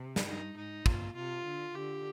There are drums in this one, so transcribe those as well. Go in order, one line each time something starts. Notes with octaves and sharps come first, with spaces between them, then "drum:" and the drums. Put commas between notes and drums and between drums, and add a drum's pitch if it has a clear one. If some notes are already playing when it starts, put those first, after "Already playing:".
Already playing: C3
drum: snare
G2 D#4
G#2 D#4
A#2 F4, drum: kick
C3 F4
D3
D3 G4